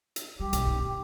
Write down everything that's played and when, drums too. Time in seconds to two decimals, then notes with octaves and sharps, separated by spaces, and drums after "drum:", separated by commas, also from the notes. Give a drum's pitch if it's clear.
0.16 drum: hi-hat
0.40 G3 G4
0.53 B1, drum: hi-hat
0.67 D#4